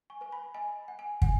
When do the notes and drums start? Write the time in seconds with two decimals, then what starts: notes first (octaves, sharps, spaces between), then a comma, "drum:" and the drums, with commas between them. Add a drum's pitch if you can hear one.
0.10 G#5 C#6
0.21 B4 G#5
0.32 B5
0.55 D#5 G#5
0.88 F#5
0.99 G#5
1.22 F#5 G#5, drum: kick